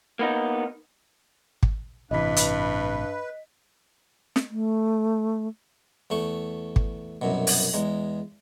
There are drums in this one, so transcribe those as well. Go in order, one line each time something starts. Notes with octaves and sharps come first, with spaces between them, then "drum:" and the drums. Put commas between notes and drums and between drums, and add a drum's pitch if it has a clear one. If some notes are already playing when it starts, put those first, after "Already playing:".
A#3 B3 D#4
drum: kick
A1 G2 C3 E3 B4 D#5 B6
drum: hi-hat
drum: snare
A3
E2 A3 C#6
drum: kick
C2 F#2 B2
drum: open hi-hat
E2 G#3 A#5